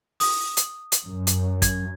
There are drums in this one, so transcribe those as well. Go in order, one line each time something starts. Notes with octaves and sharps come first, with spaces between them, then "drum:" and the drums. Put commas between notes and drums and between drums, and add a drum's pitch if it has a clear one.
D#6, drum: open hi-hat
drum: hi-hat
drum: hi-hat
F#2
drum: hi-hat
G#6, drum: kick, hi-hat